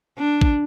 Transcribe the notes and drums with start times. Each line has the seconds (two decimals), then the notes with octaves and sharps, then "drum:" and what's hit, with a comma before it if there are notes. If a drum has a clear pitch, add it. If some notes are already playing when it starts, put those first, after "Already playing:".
0.18 D4
0.41 drum: kick A1